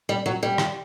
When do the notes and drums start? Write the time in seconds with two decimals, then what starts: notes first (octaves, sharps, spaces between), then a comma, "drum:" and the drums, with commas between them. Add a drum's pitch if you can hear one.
0.09 G3
0.26 F#3
0.43 G3
0.58 drum: rim click